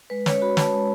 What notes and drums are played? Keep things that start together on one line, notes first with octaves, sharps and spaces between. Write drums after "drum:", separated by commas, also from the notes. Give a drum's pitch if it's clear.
G#3 B4
C#4 C#5, drum: snare
F#4 B5
F#4 A5, drum: snare
G#3